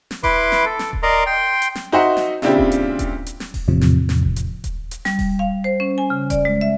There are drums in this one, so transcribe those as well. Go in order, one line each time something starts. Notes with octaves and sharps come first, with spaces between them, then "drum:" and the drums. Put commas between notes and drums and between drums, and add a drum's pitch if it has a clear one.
drum: snare
E4 B4 C6 D6, drum: kick D#1, open hi-hat
drum: snare
A4
drum: snare
drum: kick D#1
A#4 D5 D#5 A#5 C6
G5 C6
drum: hi-hat
drum: snare
D#4 F#4 C5 E5 F#5
drum: snare
A#2 C#3 C4 D4 E4 G4, drum: snare
drum: kick D#1
drum: hi-hat
drum: kick D#1, hi-hat
drum: hi-hat
drum: snare
drum: kick D#1, open hi-hat
E2 A2 C3 F3
drum: snare
drum: snare
drum: kick D#1
drum: hi-hat
drum: kick D#1, hi-hat
drum: hi-hat
G3, drum: snare
drum: kick D#1, open hi-hat
F5
C5
C#4
G#5
C#3
D5, drum: kick D#1, hi-hat
G#3
E5